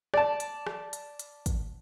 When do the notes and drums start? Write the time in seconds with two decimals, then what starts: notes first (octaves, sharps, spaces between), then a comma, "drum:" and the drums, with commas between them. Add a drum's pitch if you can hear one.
0.14 D5 A5, drum: rim click
0.40 drum: hi-hat
0.67 drum: rim click
0.93 drum: hi-hat
1.19 drum: hi-hat
1.46 drum: kick, hi-hat